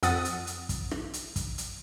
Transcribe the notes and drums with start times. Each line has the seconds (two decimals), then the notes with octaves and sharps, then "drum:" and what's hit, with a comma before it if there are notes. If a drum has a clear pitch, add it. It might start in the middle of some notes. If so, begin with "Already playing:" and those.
0.03 F2 F#5 D#6 A6, drum: hi-hat
0.25 drum: hi-hat
0.47 drum: hi-hat
0.69 drum: kick, hi-hat
0.91 drum: rim click
1.14 drum: hi-hat
1.36 drum: kick, hi-hat
1.58 drum: hi-hat